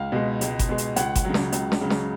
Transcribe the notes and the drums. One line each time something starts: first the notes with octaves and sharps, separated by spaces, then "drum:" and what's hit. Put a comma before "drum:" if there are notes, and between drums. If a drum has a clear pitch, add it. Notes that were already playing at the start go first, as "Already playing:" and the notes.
Already playing: C#2 F5
B2 G#3
C#2, drum: hi-hat
drum: kick G1, hi-hat
B2 G#3
drum: hi-hat
C#2 F#5, drum: hi-hat
drum: kick G1, hi-hat
C#3 F#3
drum: snare
C#2, drum: hi-hat
drum: snare
C#3 F#3
drum: snare